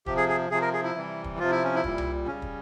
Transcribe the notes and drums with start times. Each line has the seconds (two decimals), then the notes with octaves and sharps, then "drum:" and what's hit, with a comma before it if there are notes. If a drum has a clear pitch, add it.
0.06 C3 F3 G4, drum: kick
0.17 G#4
0.29 G#4
0.50 C3 F3 G#4
0.62 A#4
0.73 G#4
0.83 E4
0.95 C3 E3 G3
1.24 drum: kick
1.38 C3 F3 F4
1.51 E4
1.64 C#4
1.75 E4
1.84 A#2 G3, drum: kick
1.98 drum: tom C2
2.27 C#3 G3 C#4
2.42 drum: kick